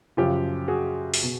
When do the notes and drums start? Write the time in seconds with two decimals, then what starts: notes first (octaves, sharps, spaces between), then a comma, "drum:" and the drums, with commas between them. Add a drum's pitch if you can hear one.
0.17 F#2 C#3 F3 F4 G4
0.68 F#4 G#4
1.14 drum: open hi-hat
1.23 B2